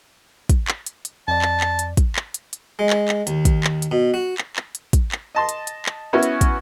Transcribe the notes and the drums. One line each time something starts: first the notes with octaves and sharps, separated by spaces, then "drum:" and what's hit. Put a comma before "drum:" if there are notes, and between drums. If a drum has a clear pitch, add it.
drum: kick, hi-hat
drum: clap
drum: hi-hat
drum: hi-hat
F2 D5 A5
drum: clap
drum: clap
drum: hi-hat
drum: kick, hi-hat
drum: clap
drum: hi-hat
drum: hi-hat
G#3
drum: clap
drum: clap
D#2, drum: hi-hat
drum: kick, hi-hat
drum: clap
drum: hi-hat
B2
F#4
drum: clap
drum: clap
drum: hi-hat
drum: kick, hi-hat
drum: clap
D#5 A5 C6
drum: hi-hat
drum: hi-hat
drum: clap
B3 C#4 E4 F#4
drum: hi-hat
drum: kick, hi-hat